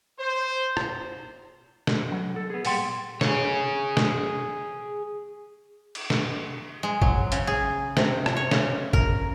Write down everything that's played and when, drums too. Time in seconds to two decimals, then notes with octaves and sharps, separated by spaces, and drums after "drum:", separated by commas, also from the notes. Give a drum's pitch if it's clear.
0.20 C5
0.77 drum: rim click
1.87 drum: snare
2.12 F#3
2.36 A4
2.50 B3 G#4
2.65 A#2 G3 F#5 G5 C6, drum: open hi-hat
3.21 G#4 C#5, drum: snare
3.97 drum: snare
5.95 drum: cymbal
6.10 drum: snare
6.83 G#3
7.02 F#3, drum: kick
7.32 C#3, drum: hi-hat
7.47 G#4
7.97 C3, drum: snare
8.26 drum: rim click
8.36 C#5
8.51 C#3, drum: snare
8.93 A#4, drum: kick